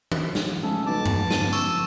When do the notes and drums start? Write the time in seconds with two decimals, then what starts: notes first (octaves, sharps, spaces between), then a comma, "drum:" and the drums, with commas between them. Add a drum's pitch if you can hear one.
0.12 drum: tom D#3
0.35 drum: snare
0.63 C#3 F3 G#3 A3 A4
0.87 B1 A5 D6
1.06 drum: tom G2
1.31 C#2 D3 F3 B3 D#7, drum: snare
1.53 C#6 E6, drum: tambourine